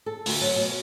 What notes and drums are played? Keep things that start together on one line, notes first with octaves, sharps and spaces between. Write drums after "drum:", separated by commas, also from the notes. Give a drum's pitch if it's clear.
A4
D2, drum: open hi-hat
F#3
B2